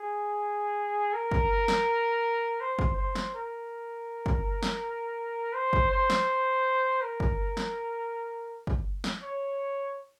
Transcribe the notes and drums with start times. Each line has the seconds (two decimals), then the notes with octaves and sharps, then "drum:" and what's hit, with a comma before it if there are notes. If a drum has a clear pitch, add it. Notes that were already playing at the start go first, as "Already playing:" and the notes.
Already playing: G#4
1.14 A#4
1.31 drum: kick
1.68 drum: snare
2.61 C5
2.79 drum: kick
2.97 C5
3.15 drum: snare
3.34 A#4
4.26 drum: kick
4.63 drum: snare
5.54 C5
5.73 drum: kick
5.91 C5
6.10 drum: snare
7.02 A#4
7.20 drum: kick
7.57 drum: snare
8.67 drum: kick
9.04 drum: snare
9.23 C#5